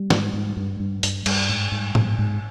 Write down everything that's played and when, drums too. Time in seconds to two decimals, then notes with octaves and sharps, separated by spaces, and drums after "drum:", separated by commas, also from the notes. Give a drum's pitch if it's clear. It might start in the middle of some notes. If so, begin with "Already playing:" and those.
Already playing: G3
0.10 G#2, drum: snare
0.33 G#2
0.57 G2
0.80 G2
1.03 G2, drum: hi-hat
1.26 G2, drum: cymbal
1.49 G#2
1.72 G#2
1.95 G#2, drum: tom A2
2.19 G#2